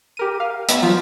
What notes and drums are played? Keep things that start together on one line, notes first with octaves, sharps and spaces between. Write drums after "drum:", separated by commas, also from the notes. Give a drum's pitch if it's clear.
G4 A#4 D#7
F5
B3, drum: hi-hat
F3 F#3 F4